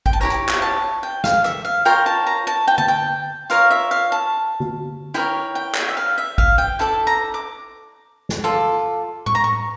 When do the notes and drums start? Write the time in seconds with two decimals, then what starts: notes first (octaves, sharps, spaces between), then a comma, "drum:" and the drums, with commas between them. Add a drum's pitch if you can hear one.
0.06 G5, drum: kick
0.13 A5
0.21 E4 G4 A#4 C#5 A#5
0.30 drum: hi-hat
0.49 drum: clap
0.62 A5
1.03 G5
1.24 F5, drum: snare
1.44 E5, drum: rim click
1.65 F5
1.85 F4 A#4 C#5 G5
2.06 A5
2.26 A#5
2.47 A5
2.68 G5
2.78 A5, drum: tom D3
2.88 G5
3.50 F4 A#4 C#5 F5
3.71 E5
3.91 F5
4.12 A5
4.60 drum: tom D3
5.14 E4 G4 A#4 C#5 G5
5.55 G5
5.74 drum: clap
5.89 E5
5.97 F5
6.18 E5
6.38 F5, drum: kick
6.58 G5
6.79 E4 A4 D5 A5
7.07 A#5
7.34 D6
8.29 drum: snare
8.44 F4 A4 D5
9.26 C#6, drum: tom A2
9.35 A#5
9.44 C#6